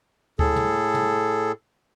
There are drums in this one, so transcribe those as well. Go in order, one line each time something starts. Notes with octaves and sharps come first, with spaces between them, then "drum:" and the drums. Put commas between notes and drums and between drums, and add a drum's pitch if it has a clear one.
A2 G#4 A4, drum: kick D2
drum: tom
drum: tom